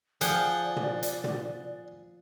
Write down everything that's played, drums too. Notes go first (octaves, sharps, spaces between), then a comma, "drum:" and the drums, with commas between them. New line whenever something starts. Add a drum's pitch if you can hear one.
F3 G#4 D5 F#5 G5, drum: hi-hat
drum: tom
drum: hi-hat
drum: tom